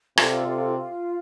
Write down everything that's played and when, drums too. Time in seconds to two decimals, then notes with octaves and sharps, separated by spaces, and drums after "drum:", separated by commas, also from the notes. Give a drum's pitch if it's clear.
0.17 C3 F4 A4 D5, drum: rim click
0.46 C3
0.75 F4